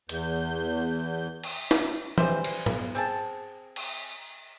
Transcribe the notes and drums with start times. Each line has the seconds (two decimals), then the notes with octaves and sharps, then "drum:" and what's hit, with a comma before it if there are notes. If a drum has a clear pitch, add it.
0.09 E2 G6, drum: hi-hat
1.44 drum: cymbal
1.71 drum: snare
2.18 E3 G3 C5, drum: tom E3
2.44 drum: cymbal
2.66 drum: tom G#2
2.95 C4 G#4 A5
3.76 drum: cymbal